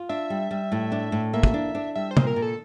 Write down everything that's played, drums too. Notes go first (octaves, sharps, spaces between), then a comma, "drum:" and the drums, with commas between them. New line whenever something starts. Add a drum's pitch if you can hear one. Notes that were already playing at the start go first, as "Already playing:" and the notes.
Already playing: F4
D4 E5
G3
G3
A2
D4
A2
A#3 E5
drum: kick
D4
D4
G3 E5
C5
A#2, drum: tom
A#4
A#2
A4